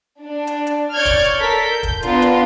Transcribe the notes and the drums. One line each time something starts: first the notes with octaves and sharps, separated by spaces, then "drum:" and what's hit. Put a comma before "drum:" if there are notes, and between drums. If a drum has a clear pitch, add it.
D4
drum: hi-hat
drum: hi-hat
C#5 D5 C#6 F6 G6 G#6
drum: kick, hi-hat
drum: hi-hat
A4 A#4 B6
G6
drum: kick, hi-hat
B3 D4 F4 A#4 C6, drum: hi-hat
drum: hi-hat